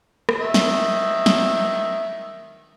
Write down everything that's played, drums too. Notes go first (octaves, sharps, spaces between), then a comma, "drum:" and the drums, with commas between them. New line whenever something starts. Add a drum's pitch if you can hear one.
drum: rim click
D#3 E5
drum: snare
drum: snare